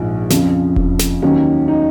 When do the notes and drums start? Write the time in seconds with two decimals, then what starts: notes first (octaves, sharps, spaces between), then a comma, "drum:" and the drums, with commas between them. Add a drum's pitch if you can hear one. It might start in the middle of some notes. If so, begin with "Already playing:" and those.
Already playing: A#1 G#2 F3
0.30 F2 C#3 F3, drum: snare
0.76 drum: kick E1
0.99 drum: snare
1.22 D#2 D#3 F#3 C#4
1.68 D#4